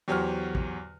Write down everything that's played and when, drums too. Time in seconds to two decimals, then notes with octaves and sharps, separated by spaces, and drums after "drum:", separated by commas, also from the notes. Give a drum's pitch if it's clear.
0.08 E2 F#3 G4 C5 C#6 F6
0.55 drum: kick